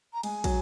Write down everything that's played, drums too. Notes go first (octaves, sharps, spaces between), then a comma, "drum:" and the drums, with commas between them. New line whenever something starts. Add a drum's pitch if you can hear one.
A#5
G#3 G#5, drum: cymbal
F#3, drum: kick, cymbal